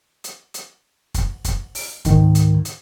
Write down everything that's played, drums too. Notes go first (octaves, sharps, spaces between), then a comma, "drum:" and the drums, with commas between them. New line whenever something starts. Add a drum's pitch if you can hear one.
drum: hi-hat
drum: hi-hat
drum: kick, hi-hat
drum: kick, hi-hat
drum: open hi-hat
C#2 G#2 D#3, drum: kick, hi-hat
drum: hi-hat
drum: hi-hat